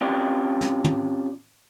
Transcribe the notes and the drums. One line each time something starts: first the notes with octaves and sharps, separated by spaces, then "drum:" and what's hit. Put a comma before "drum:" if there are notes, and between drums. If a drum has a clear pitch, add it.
C4 C#4 F4 G4 B4 D5
drum: snare
drum: tom